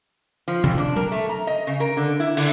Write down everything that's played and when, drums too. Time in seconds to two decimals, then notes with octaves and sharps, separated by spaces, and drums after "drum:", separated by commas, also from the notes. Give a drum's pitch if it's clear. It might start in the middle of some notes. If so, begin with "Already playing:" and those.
0.48 F3
0.64 F2, drum: tom B2
0.78 D4
0.96 A#4, drum: tom F#3
1.12 A3
1.29 A#5
1.47 D#5
1.67 C#3
1.80 A#4
1.97 D3
2.20 E4
2.37 D3, drum: cymbal